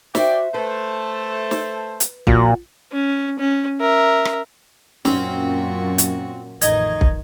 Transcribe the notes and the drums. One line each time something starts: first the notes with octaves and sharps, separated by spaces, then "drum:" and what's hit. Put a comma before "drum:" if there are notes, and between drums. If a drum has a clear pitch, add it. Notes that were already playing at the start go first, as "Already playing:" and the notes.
F#4 C5 D5 E5 G5, drum: snare
A3 B4 C5 A5
drum: snare
drum: hi-hat
A#2 F3 F4 F#4, drum: kick
C#4
C#4
A#4 E5
drum: rim click
F#2 A#2 C4 C#4 F#4, drum: snare
drum: hi-hat
A1 F2 D#3 D#4 D#5 G#6, drum: hi-hat
drum: kick